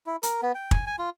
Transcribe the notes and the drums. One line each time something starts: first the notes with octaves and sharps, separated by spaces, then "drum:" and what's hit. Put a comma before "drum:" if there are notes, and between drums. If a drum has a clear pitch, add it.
E4
A#4, drum: hi-hat
B3
G5
G#5, drum: kick
G#5
F4